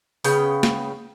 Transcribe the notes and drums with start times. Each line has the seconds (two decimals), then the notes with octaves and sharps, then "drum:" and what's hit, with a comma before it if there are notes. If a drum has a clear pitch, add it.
0.24 C#3 B3 G5, drum: open hi-hat
0.63 drum: snare